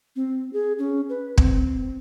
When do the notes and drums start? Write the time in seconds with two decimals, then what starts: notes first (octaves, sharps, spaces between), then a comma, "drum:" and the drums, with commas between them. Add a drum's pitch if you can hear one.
0.16 C4
0.53 G#4
0.79 C#4
1.09 B4
1.38 C4, drum: kick